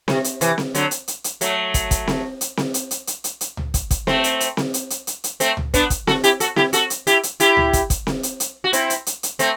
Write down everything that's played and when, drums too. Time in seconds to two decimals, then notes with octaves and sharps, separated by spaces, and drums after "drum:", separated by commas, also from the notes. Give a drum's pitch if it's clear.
0.08 C3, drum: snare C4
0.24 drum: hi-hat
0.41 C3 E3, drum: hi-hat
0.58 drum: snare C4
0.75 D3 F#3, drum: hi-hat
0.91 drum: hi-hat
1.08 drum: hi-hat
1.24 drum: hi-hat
1.41 F#3 A3, drum: hi-hat
1.74 drum: kick, hi-hat
1.91 drum: kick, hi-hat
2.07 drum: snare C4
2.41 drum: hi-hat
2.57 drum: snare C4
2.74 drum: hi-hat
2.91 drum: hi-hat
3.07 drum: hi-hat
3.24 drum: hi-hat
3.41 drum: hi-hat
3.57 drum: tom C#2
3.74 drum: kick, hi-hat
3.91 drum: kick, hi-hat
4.07 A3 C4, drum: snare C4
4.24 drum: hi-hat
4.40 drum: hi-hat
4.57 drum: snare C4
4.74 drum: hi-hat
4.90 drum: hi-hat
5.07 drum: hi-hat
5.24 drum: hi-hat
5.40 A3 C4, drum: hi-hat
5.57 drum: tom C#2
5.74 B3 D4, drum: kick, hi-hat
5.90 drum: kick, hi-hat
6.07 F#4 A4, drum: snare C4
6.24 E4 G4, drum: hi-hat
6.40 F#4 A4, drum: hi-hat
6.56 E4 G4, drum: snare C4
6.73 F#4 A4, drum: hi-hat
6.90 drum: hi-hat
7.07 E4 G4, drum: hi-hat
7.23 drum: hi-hat
7.40 E4 G4, drum: hi-hat
7.57 drum: tom C#2
7.73 drum: kick, hi-hat
7.90 drum: kick, hi-hat
8.07 drum: snare C4
8.23 drum: hi-hat
8.40 drum: hi-hat
8.64 F#4
8.73 C4 E4, drum: hi-hat
8.90 drum: hi-hat
9.06 drum: hi-hat
9.23 drum: hi-hat
9.39 A3 C4, drum: hi-hat